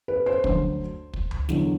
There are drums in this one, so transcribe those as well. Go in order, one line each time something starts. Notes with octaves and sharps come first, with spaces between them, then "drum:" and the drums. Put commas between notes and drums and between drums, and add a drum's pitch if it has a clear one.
B4
C5
D2 D3 F#3 C5, drum: kick
drum: kick
drum: tom C#2
E2 D3 F#3, drum: snare